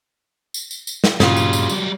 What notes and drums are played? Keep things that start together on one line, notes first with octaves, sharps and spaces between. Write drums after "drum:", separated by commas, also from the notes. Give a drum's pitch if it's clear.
drum: tambourine
drum: tambourine
drum: tambourine
drum: snare
G2 A#2 C#3 F#3 G3 F4, drum: snare
drum: tambourine
drum: tambourine
drum: tambourine